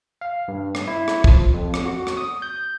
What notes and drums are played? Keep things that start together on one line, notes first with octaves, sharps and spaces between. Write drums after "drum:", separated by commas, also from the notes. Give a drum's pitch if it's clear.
F5
G2
drum: rim click
E4
drum: rim click
F3, drum: kick
F2
drum: rim click
F#4
drum: rim click
D#6
G6